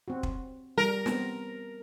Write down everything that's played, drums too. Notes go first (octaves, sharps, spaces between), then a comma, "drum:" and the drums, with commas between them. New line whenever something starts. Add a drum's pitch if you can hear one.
C4 F#4
drum: kick
G3 A#4
B3 C4, drum: snare